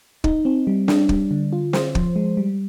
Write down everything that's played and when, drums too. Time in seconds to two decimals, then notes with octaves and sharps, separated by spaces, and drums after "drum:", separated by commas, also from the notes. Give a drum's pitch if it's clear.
0.24 D#4, drum: kick
0.45 C4
0.67 G3
0.88 D4, drum: snare
1.09 G3, drum: kick
1.31 D3
1.53 F4
1.73 C5, drum: snare
1.95 F3, drum: kick
2.16 G#3
2.37 G3